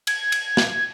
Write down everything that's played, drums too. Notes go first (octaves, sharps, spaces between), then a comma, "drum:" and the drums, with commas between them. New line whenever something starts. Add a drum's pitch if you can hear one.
G#6, drum: cymbal
drum: cymbal
drum: snare